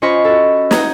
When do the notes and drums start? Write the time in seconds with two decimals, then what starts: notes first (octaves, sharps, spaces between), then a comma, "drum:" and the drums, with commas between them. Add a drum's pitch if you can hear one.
0.02 C#4 F4 C5 D#5 B5 C#6
0.25 F#4 A4
0.71 F#5 A#5 D#6 G6 G#6, drum: snare